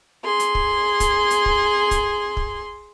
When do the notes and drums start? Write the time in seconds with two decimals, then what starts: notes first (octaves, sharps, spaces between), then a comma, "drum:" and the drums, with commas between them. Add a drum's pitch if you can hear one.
0.24 G#4 C6
0.40 drum: hi-hat
0.55 drum: kick
1.00 drum: kick, hi-hat
1.31 drum: hi-hat
1.46 drum: kick
1.91 drum: kick, hi-hat
2.37 drum: kick